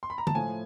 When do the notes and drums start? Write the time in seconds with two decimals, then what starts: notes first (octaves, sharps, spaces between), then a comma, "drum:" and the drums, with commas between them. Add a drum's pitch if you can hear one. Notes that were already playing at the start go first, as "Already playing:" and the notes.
0.03 C6
0.10 B5
0.18 A#5
0.27 A5, drum: tom
0.35 A2 F3 A3 G#5